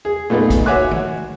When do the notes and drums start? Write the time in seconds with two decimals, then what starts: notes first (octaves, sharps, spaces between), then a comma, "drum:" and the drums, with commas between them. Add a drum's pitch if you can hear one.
0.05 G#4
0.30 A#2 A3 B3 D#4 G#4
0.50 drum: kick, hi-hat
0.66 F#4 C#5 E5 G#5 D6 F#6
0.91 drum: tom D#3